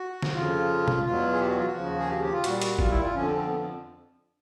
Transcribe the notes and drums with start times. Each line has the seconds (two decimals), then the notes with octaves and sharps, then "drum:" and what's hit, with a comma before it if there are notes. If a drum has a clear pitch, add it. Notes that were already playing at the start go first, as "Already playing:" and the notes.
Already playing: F#4
0.22 drum: snare
0.34 F2 C#3 F3 F4
0.88 drum: tom B2
1.04 E2 B2 F#3 F4
1.33 G#4
1.39 G4
1.48 F#4
1.57 F4
1.65 F#4
1.74 D#2 C#3 F3
1.99 G#4
2.09 G4
2.21 G4
2.32 F4
2.44 A#2 G3 F#4, drum: hi-hat
2.61 F#4, drum: hi-hat
2.79 F4, drum: kick
2.90 E4
3.01 F4
3.13 F2 D3 F3 C#4
3.26 C4
3.37 C4
3.46 B3